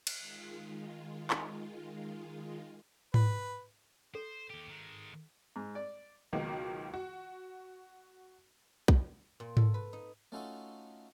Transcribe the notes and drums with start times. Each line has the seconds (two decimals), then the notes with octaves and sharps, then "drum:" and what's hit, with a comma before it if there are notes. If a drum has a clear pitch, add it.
0.07 drum: cymbal
0.18 D#3 G#3 F4
1.30 drum: clap
3.14 B4, drum: tom G#2
4.15 A4 C5
4.50 D#2 G4
4.70 D#3 G#3
5.56 G#2
5.75 D5
6.33 C#2 B2 D#3 F#3 A#3
6.94 F#4
8.88 drum: kick B1
9.40 A#2
9.57 A4, drum: tom G#2
9.74 B4
9.93 D#4
10.32 A3 C#4 D#4 F4 F#4 A4